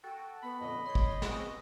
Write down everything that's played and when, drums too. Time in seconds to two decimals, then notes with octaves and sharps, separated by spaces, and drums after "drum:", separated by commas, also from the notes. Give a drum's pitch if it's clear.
0.04 F#4 A4 G5
0.43 B3 B5
0.61 F2 A#2 D3 D#5
0.86 C#5 C6 G6
0.95 drum: kick
1.22 B3 C4 F#4 G#4, drum: snare